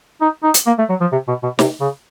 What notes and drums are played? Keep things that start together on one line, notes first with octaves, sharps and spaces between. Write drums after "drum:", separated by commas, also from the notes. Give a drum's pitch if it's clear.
D#4
D#4
drum: hi-hat
A#3
A3
F#3
F3
C3
B2
B2
C3, drum: snare
C#3